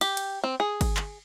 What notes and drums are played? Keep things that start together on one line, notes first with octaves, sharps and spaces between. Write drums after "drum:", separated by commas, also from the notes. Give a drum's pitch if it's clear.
G4, drum: cymbal
drum: cymbal
C4
G#4
drum: kick, cymbal
drum: clap